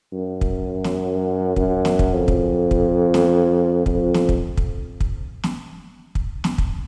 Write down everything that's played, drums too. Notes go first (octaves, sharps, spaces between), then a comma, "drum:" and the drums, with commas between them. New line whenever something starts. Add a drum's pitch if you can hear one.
F#2
drum: kick
drum: snare
F#2, drum: kick
drum: snare
drum: kick
F2
drum: kick
drum: kick
drum: snare
F2, drum: kick
drum: snare
drum: kick
drum: kick
drum: kick
drum: snare
drum: kick
drum: snare
drum: kick